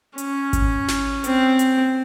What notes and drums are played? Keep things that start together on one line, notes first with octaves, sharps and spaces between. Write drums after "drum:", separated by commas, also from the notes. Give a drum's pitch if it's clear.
C#4, drum: hi-hat
drum: kick G#1, hi-hat
drum: snare
C4, drum: hi-hat
drum: hi-hat